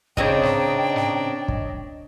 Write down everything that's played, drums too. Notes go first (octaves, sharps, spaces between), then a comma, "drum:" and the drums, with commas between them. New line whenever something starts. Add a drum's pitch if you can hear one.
C#3 C4 D4 D#4 C#5 D#5 G5, drum: kick
drum: snare
drum: snare
drum: kick